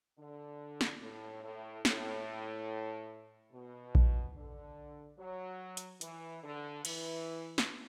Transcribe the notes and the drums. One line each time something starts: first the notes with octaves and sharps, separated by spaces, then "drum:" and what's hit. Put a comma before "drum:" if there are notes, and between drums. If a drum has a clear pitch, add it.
D3
drum: snare
A2
A2
A2, drum: snare
B2
drum: kick A#1
D3
F#3
drum: hi-hat
E3, drum: hi-hat
D3
E3, drum: cymbal
drum: snare